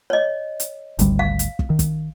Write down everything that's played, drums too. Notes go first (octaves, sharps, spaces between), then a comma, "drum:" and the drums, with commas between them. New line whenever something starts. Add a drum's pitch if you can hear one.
C#5 D#5
drum: hi-hat
G#1 D2 G3, drum: hi-hat
F5
drum: hi-hat
drum: kick
D#3
drum: kick, hi-hat